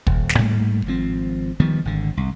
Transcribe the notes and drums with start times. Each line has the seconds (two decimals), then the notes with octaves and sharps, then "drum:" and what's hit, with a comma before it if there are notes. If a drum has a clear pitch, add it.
0.07 D#1, drum: kick
0.29 drum: snare
0.39 G#2 G3 A3 A#3
0.86 G#1 F3 C4
1.60 D#3 F3 G3 B3
1.85 G#1 D3
2.17 C2